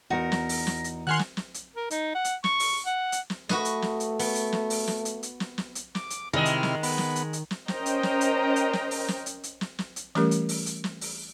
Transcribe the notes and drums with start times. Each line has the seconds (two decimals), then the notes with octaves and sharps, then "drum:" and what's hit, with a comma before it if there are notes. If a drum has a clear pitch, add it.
0.10 E2 D#4 F#4 A#4 A#6
0.32 drum: snare
0.49 drum: open hi-hat
0.67 drum: snare
0.84 drum: hi-hat
1.07 D#3 F#4 G#5 C6 C#6 F6 F#6
1.19 drum: snare
1.37 drum: snare
1.54 drum: hi-hat
1.75 A#4
1.90 D#4, drum: hi-hat
2.14 F#5
2.25 drum: hi-hat
2.44 C#6, drum: snare
2.60 drum: open hi-hat
2.86 F#5
3.12 drum: hi-hat
3.30 drum: snare
3.49 A3 F#4 B4 D#5, drum: snare
3.65 drum: hi-hat
3.82 drum: snare
4.00 drum: hi-hat
4.19 B3, drum: open hi-hat
4.35 drum: hi-hat
4.52 drum: snare
4.70 drum: open hi-hat
4.88 drum: snare
5.05 drum: hi-hat
5.23 drum: hi-hat
5.40 drum: snare
5.58 drum: snare
5.75 drum: hi-hat
5.95 D6, drum: snare
6.10 drum: hi-hat
6.33 C3 D#3 G#3 E4 D#5 F6
6.45 drum: hi-hat
6.63 drum: snare
6.83 B3 B5, drum: open hi-hat
6.98 drum: snare
7.16 drum: hi-hat
7.33 drum: hi-hat
7.51 drum: snare
7.68 C#4 A#4 C5 D#5 G5 A#5, drum: snare
7.86 drum: hi-hat
8.03 drum: snare
8.21 drum: hi-hat
8.56 drum: hi-hat
8.73 drum: snare
8.91 drum: open hi-hat
9.08 drum: snare
9.26 drum: hi-hat
9.43 drum: hi-hat
9.61 drum: snare
9.79 drum: snare
9.96 drum: hi-hat
10.15 E3 G3 A3 C#4 G4 A#4, drum: snare
10.31 drum: hi-hat
10.49 drum: open hi-hat
10.66 drum: hi-hat
10.84 drum: snare
11.01 drum: open hi-hat